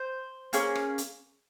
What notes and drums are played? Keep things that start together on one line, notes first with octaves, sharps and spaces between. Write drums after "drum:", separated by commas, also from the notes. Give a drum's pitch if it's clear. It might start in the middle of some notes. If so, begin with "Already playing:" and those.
Already playing: C5
A#3 C#4 G#4, drum: hi-hat
drum: rim click
drum: hi-hat